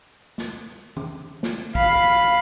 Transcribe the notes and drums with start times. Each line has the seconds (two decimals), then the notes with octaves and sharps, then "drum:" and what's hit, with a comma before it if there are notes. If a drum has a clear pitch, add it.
0.38 drum: snare
0.97 drum: tom
1.43 drum: snare
1.75 F5 B5, drum: kick